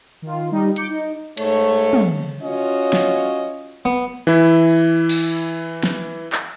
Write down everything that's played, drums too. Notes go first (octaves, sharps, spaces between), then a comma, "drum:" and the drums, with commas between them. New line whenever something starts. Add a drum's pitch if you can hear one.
D#3 F4
G3 D#4
D6 G6 C#7, drum: hi-hat
D#4
G#2 A3 C#5, drum: cymbal
drum: tom
C#4 F4 F#4 C#5 D#5
drum: snare
B3
E3 E4
drum: cymbal
drum: snare
drum: clap